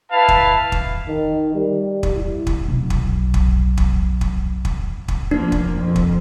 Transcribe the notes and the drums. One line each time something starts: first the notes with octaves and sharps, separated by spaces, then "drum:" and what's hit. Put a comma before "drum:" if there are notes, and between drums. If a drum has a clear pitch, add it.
E4 B4 F5 A5
drum: kick
drum: kick
D#3
G3
drum: kick
E4
drum: kick
B1 F#3
drum: kick
drum: kick
drum: kick
drum: kick
drum: kick
drum: kick
F3 A#3 D4
drum: kick
F2
drum: kick